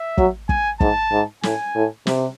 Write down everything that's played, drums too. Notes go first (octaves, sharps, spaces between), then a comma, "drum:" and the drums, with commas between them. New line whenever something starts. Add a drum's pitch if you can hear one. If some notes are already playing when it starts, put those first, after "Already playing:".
Already playing: E5
F#3, drum: kick
G#5, drum: kick
G#2 A5, drum: kick
G#2
A2 G#5, drum: snare
A2
C3, drum: snare